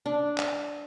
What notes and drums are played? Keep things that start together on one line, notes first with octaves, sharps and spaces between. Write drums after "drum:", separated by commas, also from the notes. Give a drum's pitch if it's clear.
D4
drum: clap